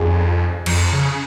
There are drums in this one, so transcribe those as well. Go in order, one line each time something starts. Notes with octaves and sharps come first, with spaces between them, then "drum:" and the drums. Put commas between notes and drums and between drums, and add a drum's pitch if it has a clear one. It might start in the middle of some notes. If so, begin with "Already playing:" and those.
Already playing: F2 G#4
F2, drum: cymbal
C#3